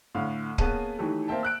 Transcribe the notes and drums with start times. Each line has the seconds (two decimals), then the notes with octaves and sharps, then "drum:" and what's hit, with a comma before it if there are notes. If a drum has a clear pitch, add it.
0.15 A2 D3 F5
0.58 A#3 B3 C#4 G#4 A5 D#7, drum: kick C#1
0.99 D#3 E3 F#3 A3 G4 A4
1.28 A#3 C4 E5 G5 A5
1.43 E6 F#6 D7